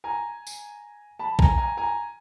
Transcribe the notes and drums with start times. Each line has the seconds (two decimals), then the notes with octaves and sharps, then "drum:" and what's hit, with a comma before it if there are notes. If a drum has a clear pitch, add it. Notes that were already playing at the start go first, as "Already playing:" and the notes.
0.04 G#5 A#5
0.47 drum: tambourine
1.19 A5 B5
1.39 G#5 A#5, drum: kick A#1
1.58 G#5 A#5
1.77 G#5 A#5